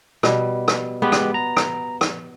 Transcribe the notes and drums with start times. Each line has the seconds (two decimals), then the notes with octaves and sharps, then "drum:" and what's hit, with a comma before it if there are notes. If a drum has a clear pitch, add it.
0.23 B2 G3, drum: rim click
0.68 drum: rim click
1.02 G#3 B3 G4 B4
1.12 drum: rim click
1.34 A#5
1.57 drum: rim click
2.01 drum: rim click